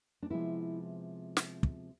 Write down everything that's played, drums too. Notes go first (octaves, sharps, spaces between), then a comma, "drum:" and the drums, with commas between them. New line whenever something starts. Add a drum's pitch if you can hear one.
D4
C3 F3 G#3 B3 E4
drum: snare
drum: kick